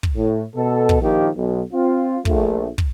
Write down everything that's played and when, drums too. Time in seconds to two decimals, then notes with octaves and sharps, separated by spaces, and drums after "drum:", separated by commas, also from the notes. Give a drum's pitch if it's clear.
0.03 drum: kick
0.16 A2
0.55 B2 A4
0.89 drum: kick
1.01 A#1 D#3 F3 A#3 D#4 G4
1.36 B1 B2
1.72 C4 F4
2.25 A#1 A3, drum: kick
2.78 drum: kick